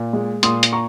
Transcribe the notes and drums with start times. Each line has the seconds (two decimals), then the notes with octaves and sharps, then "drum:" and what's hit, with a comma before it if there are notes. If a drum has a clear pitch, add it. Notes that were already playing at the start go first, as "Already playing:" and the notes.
Already playing: A#2
0.13 G#3
0.43 A#2 C6 D#6, drum: hi-hat
0.63 drum: hi-hat
0.73 A#5 C#6